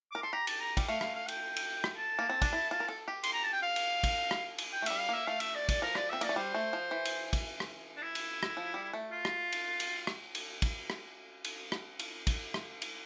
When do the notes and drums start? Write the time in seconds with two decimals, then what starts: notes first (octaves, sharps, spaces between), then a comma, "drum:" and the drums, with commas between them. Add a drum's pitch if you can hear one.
0.12 A#4 D6
0.22 A4 C6
0.33 G4 A#5
0.47 A5, drum: cymbal
0.60 A#5
0.77 G3, drum: kick, cymbal
0.88 A3 F5
1.01 F5, drum: rim click
1.15 F5
1.28 G5, drum: cymbal
1.56 drum: cymbal
1.84 drum: rim click
1.97 A5
2.19 A#3
2.30 C4
2.42 D4, drum: kick, cymbal
2.53 E4
2.71 F4
2.80 A#4
2.89 A4
3.08 G4
3.24 C6, drum: cymbal
3.33 A#5
3.43 A5
3.53 G5
3.62 F5
3.76 drum: cymbal
4.03 drum: kick, cymbal
4.31 drum: rim click
4.58 drum: cymbal
4.73 G5
4.82 A3
4.86 G3 E5, drum: cymbal
4.99 F5
5.09 A#3 E5
5.27 A3 F5
5.40 E5, drum: cymbal
5.55 D5
5.69 D5, drum: kick, cymbal
5.82 F3 A#4
5.95 D5, drum: rim click
6.09 C4 E5
6.21 A#3 D5, drum: cymbal
6.29 A3
6.36 G3 C5
6.54 A3
6.73 F3
6.91 E3
7.05 drum: cymbal
7.33 drum: kick, cymbal
7.60 drum: rim click
7.96 D4
8.02 E4
8.15 drum: cymbal
8.43 drum: rim click
8.57 F3
8.74 G3
8.93 A3
9.11 F4
9.25 drum: rim click
9.52 drum: cymbal
9.80 drum: cymbal
10.07 drum: rim click
10.35 drum: cymbal
10.62 drum: kick, cymbal
10.90 drum: rim click
11.45 drum: cymbal
11.72 drum: rim click
11.99 drum: cymbal
12.27 drum: kick, cymbal
12.54 drum: rim click
12.82 drum: cymbal